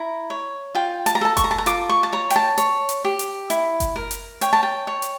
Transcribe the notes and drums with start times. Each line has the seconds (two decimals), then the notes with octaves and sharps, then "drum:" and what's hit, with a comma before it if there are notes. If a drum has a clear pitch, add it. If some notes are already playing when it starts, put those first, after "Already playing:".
Already playing: E4 A#5
0.30 C#5
0.75 F4 G5
1.06 A5, drum: hi-hat
1.15 A#5
1.21 A4 A5
1.37 C#6, drum: kick F#1, hi-hat
1.44 A#5
1.51 A5
1.58 A#5
1.66 F4 D6, drum: hi-hat
1.89 C#6
2.03 A5
2.13 C#5 A#5
2.30 G5, drum: hi-hat
2.36 A5
2.58 C#5, drum: hi-hat
2.89 drum: hi-hat
3.05 G4
3.19 drum: hi-hat
3.50 E4, drum: hi-hat
3.80 drum: kick F#1, hi-hat
3.96 A#4
4.11 drum: hi-hat
4.41 C#5 G5, drum: hi-hat
4.53 A5
4.63 G5
4.87 C#5
5.02 drum: hi-hat